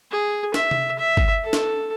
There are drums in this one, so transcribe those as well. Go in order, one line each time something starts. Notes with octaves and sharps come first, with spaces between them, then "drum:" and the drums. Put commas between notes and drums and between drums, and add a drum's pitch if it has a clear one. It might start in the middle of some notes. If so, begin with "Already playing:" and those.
G#4
E5, drum: snare
drum: tom C3
E5
drum: kick
A4
drum: snare